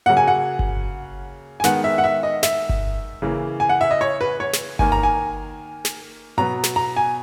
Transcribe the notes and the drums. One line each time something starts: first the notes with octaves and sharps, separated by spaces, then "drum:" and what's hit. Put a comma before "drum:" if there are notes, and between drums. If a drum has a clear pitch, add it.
C#3 F#3 A#3 F#5
G#5
F#5
drum: kick G1
G#5
D#3 G#3 B3 F#5, drum: snare
E5
F#5
E5
D#5
E5, drum: snare
drum: kick G1
C#3 E3 A#3
G#5
F#5
E5
D#5
C#5
B4
C#5
drum: snare
D#3 A#3 G#5, drum: kick G1
A#5
G#5
drum: snare
B2 F#3 B3 A#5
drum: snare
A#5
G#5